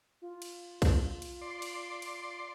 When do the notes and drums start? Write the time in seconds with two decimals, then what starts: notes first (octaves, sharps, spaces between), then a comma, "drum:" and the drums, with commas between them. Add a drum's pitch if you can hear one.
0.22 F4
0.42 drum: cymbal
0.82 drum: kick, cymbal
1.22 drum: cymbal
1.41 D5 C6
1.62 drum: cymbal
2.02 drum: cymbal